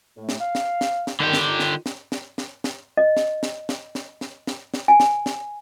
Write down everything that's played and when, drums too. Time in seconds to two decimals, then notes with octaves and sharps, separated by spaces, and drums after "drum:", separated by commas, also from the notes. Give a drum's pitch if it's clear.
0.17 A2 A3
0.29 drum: snare
0.39 F5
0.55 drum: snare
0.81 drum: snare
1.07 drum: snare
1.20 D3 D#3 G4
1.33 drum: snare
1.45 D#3 F4
1.60 drum: snare
1.86 drum: snare
2.12 drum: snare
2.38 drum: snare
2.64 drum: snare
2.97 D#5
3.17 drum: snare
3.43 drum: snare
3.69 drum: snare
3.95 drum: snare
4.21 drum: snare
4.47 drum: snare
4.74 drum: snare
4.88 G#5
5.00 drum: snare
5.26 drum: snare